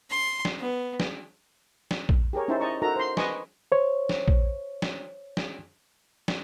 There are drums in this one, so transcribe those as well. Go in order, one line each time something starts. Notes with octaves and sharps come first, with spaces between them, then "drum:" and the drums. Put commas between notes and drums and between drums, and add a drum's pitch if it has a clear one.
C6
drum: snare
B3
drum: snare
drum: snare
drum: kick A#1
G4 G#4 A#4 C#5
C#4 D#4 E4 C5 E5 A5
D#5 A5 A#5 C#6
D#4 F#4 A4 A#4 A#5
C5 C6
B4 D#5 G#5 C6 C#6, drum: snare
C5 C#5
drum: snare
drum: kick A#1
drum: snare
drum: snare
drum: snare